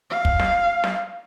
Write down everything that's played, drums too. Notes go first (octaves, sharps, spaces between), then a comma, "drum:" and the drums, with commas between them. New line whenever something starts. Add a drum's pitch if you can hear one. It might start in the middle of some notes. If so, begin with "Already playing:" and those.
F5
drum: kick
drum: snare
drum: snare